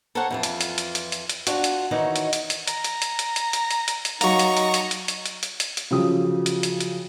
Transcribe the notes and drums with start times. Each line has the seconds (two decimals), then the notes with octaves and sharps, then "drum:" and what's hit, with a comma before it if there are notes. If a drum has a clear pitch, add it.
0.15 A4 A#4 C5 C#5 F#5 A5
0.31 F2 E3 F4
0.43 drum: hi-hat
0.61 drum: hi-hat
0.78 drum: hi-hat
0.95 drum: hi-hat
1.12 drum: hi-hat
1.29 drum: hi-hat
1.47 D4 F4 F#4, drum: hi-hat
1.64 drum: hi-hat
1.91 D#3 E3 D#4 F#4 C#5
2.16 drum: hi-hat
2.33 drum: hi-hat
2.50 drum: hi-hat
2.67 A#5, drum: hi-hat
2.84 drum: hi-hat
3.02 drum: hi-hat
3.19 drum: hi-hat
3.36 drum: hi-hat
3.53 drum: hi-hat
3.71 drum: hi-hat
3.88 drum: hi-hat
4.05 drum: hi-hat
4.21 F#3 A#3 D#4 A#5 C#6, drum: hi-hat
4.39 drum: hi-hat
4.57 drum: hi-hat
4.74 drum: hi-hat
4.91 drum: hi-hat
5.08 drum: hi-hat
5.26 drum: hi-hat
5.43 drum: hi-hat
5.60 drum: hi-hat
5.77 drum: hi-hat
5.91 C#3 F3 F#3 G4 D#6
6.46 drum: hi-hat
6.63 drum: hi-hat
6.81 drum: hi-hat